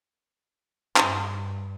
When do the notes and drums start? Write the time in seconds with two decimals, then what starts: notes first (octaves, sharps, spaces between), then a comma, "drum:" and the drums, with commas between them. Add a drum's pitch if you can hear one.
0.96 G2, drum: clap